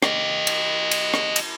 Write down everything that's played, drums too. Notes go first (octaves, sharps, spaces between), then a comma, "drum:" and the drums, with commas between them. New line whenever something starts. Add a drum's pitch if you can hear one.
G4 D#5, drum: rim click
drum: cymbal
drum: cymbal
drum: rim click
drum: cymbal